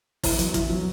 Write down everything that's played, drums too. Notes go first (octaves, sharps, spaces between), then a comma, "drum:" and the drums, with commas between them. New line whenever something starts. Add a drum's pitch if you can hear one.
E3, drum: kick, open hi-hat
F#3, drum: hi-hat
E3, drum: kick, hi-hat
F#3